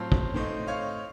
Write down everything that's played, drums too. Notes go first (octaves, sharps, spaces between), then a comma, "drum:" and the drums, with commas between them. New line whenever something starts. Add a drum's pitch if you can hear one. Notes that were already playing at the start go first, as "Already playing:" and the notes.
Already playing: A2 F#3 C4 F4 F5 A5
drum: kick
A2 A3 C4 D#4
C#5 F5